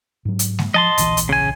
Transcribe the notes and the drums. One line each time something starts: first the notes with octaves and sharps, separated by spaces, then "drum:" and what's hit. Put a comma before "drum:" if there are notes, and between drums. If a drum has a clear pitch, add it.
G#2 F#3
drum: hi-hat
drum: snare G#3
F3 D#5 A5 C6
D1 A#1 E3, drum: hi-hat
drum: hi-hat
C#3 G#5